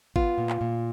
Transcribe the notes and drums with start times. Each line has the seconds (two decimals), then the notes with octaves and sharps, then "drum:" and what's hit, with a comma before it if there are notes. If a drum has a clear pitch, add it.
0.16 B3 F4, drum: kick G#1
0.38 A#2
0.50 drum: clap
0.61 A#2